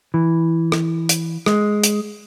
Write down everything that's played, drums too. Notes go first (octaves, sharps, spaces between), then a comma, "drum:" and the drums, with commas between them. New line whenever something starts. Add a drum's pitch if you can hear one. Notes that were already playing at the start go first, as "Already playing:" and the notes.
E3
drum: rim click
drum: hi-hat
G#3, drum: rim click
drum: hi-hat